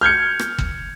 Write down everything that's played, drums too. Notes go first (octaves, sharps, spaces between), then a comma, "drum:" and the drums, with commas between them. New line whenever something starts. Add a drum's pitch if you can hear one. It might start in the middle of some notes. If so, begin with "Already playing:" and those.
F6 G6 G#6 C#7
drum: rim click
drum: kick